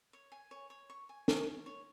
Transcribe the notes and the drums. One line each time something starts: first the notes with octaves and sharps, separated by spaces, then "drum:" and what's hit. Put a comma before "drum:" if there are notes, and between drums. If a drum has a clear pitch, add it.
C#5
G#5
C#5
C#5
C#6
G#5
C#5, drum: snare
C#5
C#5